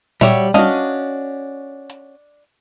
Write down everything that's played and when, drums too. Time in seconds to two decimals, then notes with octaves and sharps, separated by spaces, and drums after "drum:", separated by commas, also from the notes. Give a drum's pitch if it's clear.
0.21 G3 F#4 G4 C#5 E5, drum: tom A#2
0.54 C#4 D4 F#4 D#5 F5, drum: tom G3
1.90 drum: hi-hat